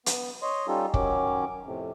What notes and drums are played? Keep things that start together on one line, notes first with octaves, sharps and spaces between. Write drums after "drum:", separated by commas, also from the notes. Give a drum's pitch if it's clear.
B3, drum: hi-hat
C#5 D#5 C6
G3 C#4 D#4 F4 G4 A4
D#3 F#3 C#4 D6, drum: kick
F2 A2 C3